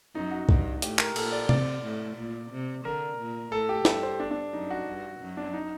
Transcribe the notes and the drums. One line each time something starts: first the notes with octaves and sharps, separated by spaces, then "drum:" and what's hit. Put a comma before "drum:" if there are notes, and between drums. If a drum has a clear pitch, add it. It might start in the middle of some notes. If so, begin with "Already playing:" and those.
F#2 D#4
F#4
G2, drum: kick C2
A2 G4, drum: hi-hat
A#4, drum: clap
A#2 A4, drum: cymbal
D5
C3 D5, drum: tom C3
A2
A#2
C3
D3 A#4
A#2
A2 A4
G4
G2 A4, drum: snare
C5
D4
D4
F#2 D#4
F#4
G2
F#2
D4
D#4